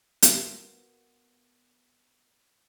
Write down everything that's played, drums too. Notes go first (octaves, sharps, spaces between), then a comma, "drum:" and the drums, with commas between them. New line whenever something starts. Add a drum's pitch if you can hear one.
A#3 B3 F#4, drum: hi-hat